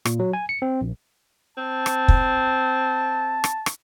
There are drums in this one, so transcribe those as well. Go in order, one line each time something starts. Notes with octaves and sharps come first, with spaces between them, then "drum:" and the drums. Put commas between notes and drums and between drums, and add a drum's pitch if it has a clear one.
A#2, drum: rim click
F#3
G#5
C#7
C4
A#1
C4 A5
drum: rim click
drum: kick
drum: rim click
drum: rim click